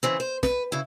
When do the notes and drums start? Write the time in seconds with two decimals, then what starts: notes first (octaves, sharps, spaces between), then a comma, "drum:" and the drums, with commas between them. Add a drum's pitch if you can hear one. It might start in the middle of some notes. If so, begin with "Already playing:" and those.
0.03 C#3 E3 C4
0.20 C5
0.43 B4, drum: snare
0.72 C#3 E4